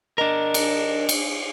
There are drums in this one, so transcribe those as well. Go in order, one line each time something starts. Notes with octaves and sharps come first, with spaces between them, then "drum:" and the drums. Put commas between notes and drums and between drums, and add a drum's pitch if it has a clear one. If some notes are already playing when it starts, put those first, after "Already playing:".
D4 A#4 D#5
drum: cymbal
drum: cymbal